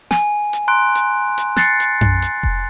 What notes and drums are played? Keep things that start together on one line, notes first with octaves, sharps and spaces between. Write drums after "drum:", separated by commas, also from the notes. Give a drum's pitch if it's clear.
G#5, drum: snare
drum: hi-hat
A#5 C6 F#6 D7
drum: hi-hat
drum: hi-hat
F#6 A6 C7 C#7, drum: snare
drum: hi-hat
drum: tom F#2
drum: hi-hat
drum: kick F1